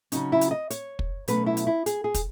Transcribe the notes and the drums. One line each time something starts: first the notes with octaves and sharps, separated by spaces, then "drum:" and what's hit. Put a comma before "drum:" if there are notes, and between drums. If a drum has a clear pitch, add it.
C#3 F#3 C#4 D#4, drum: hi-hat
E4
drum: hi-hat
D#5
C#5, drum: hi-hat
drum: kick
B2 F#3 A3 C#4 B4, drum: hi-hat
E4
drum: hi-hat
E4
G#4, drum: hi-hat
G#4
drum: kick, hi-hat